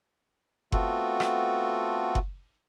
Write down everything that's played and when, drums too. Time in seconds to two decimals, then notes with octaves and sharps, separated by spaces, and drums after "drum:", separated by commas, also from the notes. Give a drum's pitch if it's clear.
0.72 A3 B3 C4 F4 F#4 A4, drum: kick F#1
1.20 drum: rim click
2.15 drum: kick F#1